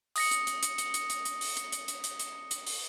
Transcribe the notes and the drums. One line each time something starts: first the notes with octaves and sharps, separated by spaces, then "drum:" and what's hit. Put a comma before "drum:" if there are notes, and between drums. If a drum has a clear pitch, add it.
D#6 A#6 C#7, drum: open hi-hat
drum: hi-hat
drum: hi-hat
drum: hi-hat
drum: hi-hat
drum: hi-hat
drum: hi-hat
drum: hi-hat
drum: open hi-hat
drum: hi-hat
drum: hi-hat
drum: hi-hat
drum: hi-hat
drum: hi-hat
drum: hi-hat
drum: open hi-hat